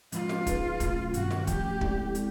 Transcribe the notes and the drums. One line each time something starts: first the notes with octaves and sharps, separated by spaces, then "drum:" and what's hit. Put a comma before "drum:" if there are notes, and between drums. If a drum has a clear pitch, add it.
A2 F3 G#3 C#4 F4, drum: hi-hat
drum: snare
A#3 D#4 G#4 B4, drum: kick, hi-hat
B2 F#3 A3 C#4, drum: kick, hi-hat
G2 D#3 G3 C4 F4 F#4, drum: hi-hat
drum: snare
A2 F3 A3 C#4 F#4 G4, drum: kick, hi-hat
G#3 C4 E4 A4 D5, drum: kick
G#3 C4, drum: hi-hat